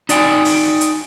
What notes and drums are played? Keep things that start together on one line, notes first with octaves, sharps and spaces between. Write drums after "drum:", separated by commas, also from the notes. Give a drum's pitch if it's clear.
D#4 D5 D#5 G5 G#5, drum: hi-hat
drum: open hi-hat
drum: hi-hat